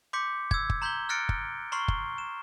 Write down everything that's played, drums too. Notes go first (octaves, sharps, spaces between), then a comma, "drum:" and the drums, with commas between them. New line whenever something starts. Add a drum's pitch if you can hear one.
C6 D6 G6 B6 C#7
E6 G#6, drum: kick
drum: kick
A#5 C6 G6 G#6 B6 G7
F6 F#6 A6 A#6 C#7 D7
drum: kick
A#5 C6 C#6 F6 C7 G7
drum: kick
E7